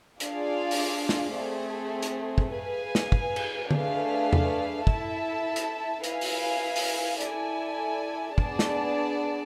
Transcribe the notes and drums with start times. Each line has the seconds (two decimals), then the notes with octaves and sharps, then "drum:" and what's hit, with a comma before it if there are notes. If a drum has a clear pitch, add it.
0.20 D4 F4 G#4 D5 F5, drum: hi-hat
0.71 drum: open hi-hat
1.09 drum: snare
1.37 A3 C4 G#4
2.03 drum: hi-hat
2.38 drum: kick
2.54 G#4 B4 F5 G#5
2.95 drum: snare
3.12 drum: kick
3.36 drum: cymbal
3.71 A3 D4 G#4 B4 F5, drum: tom D3
4.33 drum: tom E2
4.87 E4 A4 E5 A5, drum: kick
5.56 drum: hi-hat
6.04 E4 B4 F5 G#5, drum: hi-hat
6.21 drum: open hi-hat
6.76 drum: open hi-hat
7.21 E4 A4 D5 G#5, drum: hi-hat
8.38 B3 D4 G#4 D5 A5, drum: kick
8.59 drum: snare